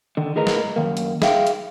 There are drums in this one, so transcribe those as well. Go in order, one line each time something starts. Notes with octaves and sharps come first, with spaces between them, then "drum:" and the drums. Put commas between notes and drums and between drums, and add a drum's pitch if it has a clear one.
D3 D#3
A2 G#4 A#4 B4 D#5 A#5
drum: snare
F#2 D#3 A#3
drum: hi-hat
G#4 E5 F5 G5, drum: snare
drum: hi-hat